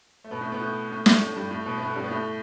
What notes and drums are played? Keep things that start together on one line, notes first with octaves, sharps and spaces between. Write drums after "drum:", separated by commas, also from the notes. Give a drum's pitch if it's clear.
A3
B2 B3
A2 A3
B2 B3
A2 A3
A2 A3
A2 A3, drum: snare
A2 A3
G2 G3
A2 A3
B2 B3
B3
A2 A3
G2 G3
B3
A2 A3